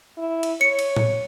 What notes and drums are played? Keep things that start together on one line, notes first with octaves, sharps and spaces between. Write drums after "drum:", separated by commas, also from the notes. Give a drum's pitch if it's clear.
E4
drum: cymbal
C#5 C#7
drum: cymbal
drum: tom A2